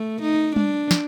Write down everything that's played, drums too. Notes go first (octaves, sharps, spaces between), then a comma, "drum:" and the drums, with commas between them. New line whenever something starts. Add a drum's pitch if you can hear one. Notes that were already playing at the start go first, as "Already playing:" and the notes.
Already playing: A3
D#4
D4, drum: tom G3
drum: snare